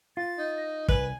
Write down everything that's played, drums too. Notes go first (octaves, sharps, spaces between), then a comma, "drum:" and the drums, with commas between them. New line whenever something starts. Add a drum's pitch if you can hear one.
F4 A6
D#4
D#5
C2 B4 G#5, drum: kick